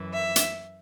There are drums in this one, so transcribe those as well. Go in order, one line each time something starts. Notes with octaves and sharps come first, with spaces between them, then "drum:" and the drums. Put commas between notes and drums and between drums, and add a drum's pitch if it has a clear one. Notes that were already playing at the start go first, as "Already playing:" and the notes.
Already playing: F#2 E3
E5
drum: hi-hat